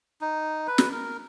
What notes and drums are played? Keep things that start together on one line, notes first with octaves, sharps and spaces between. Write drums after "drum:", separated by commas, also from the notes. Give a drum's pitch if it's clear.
D#4
B4
drum: snare
A#4